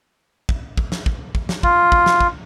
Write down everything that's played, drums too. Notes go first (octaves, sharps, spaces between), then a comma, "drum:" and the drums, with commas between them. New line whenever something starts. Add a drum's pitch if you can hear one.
drum: kick
drum: kick
drum: snare
drum: kick
drum: kick
drum: snare
F4, drum: kick
drum: kick
drum: snare
drum: kick